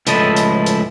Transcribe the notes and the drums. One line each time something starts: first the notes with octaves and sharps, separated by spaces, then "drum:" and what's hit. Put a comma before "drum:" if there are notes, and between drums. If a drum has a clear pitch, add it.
C#2 A2 F3 E4 A4 D#5, drum: hi-hat
drum: hi-hat
drum: hi-hat